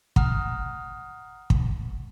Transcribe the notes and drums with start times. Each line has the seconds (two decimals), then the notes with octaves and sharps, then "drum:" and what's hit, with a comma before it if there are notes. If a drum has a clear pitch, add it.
0.16 F#5 A#5 D#6 F6, drum: kick
1.50 drum: kick